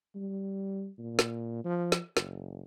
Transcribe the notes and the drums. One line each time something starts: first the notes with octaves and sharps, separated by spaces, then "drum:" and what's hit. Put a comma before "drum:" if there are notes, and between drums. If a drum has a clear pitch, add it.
G3
A#2
drum: snare
F3
drum: snare
F#1, drum: snare